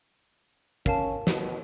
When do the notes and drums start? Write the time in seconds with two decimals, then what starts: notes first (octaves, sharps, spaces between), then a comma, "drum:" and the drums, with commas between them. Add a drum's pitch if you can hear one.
0.86 C#4 A#4 F5 A5, drum: kick
1.27 B2, drum: snare